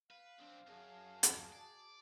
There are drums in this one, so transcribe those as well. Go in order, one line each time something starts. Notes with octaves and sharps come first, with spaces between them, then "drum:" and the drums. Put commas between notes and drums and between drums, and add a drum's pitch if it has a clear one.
B4 F5
B1 C4 D4 G5
F#2 F#4 G#4 A5
drum: hi-hat
D5